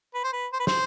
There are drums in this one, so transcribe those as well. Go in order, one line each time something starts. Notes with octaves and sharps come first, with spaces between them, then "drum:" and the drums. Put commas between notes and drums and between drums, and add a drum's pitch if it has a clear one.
B4
C5
B4
C5
B4
C5, drum: snare